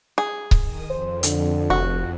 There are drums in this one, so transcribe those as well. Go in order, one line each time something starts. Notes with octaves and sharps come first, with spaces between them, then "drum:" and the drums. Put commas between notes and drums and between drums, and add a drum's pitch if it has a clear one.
G#4
drum: kick C#1
D#3 D#6
F2 C5
D3, drum: hi-hat
F1 F#4